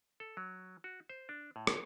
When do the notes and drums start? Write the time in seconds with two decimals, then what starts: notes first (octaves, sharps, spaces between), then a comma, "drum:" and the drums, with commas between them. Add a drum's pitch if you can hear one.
0.20 A4
0.37 F#3
0.84 F#4
1.09 C5
1.29 D4
1.56 A2
1.67 drum: rim click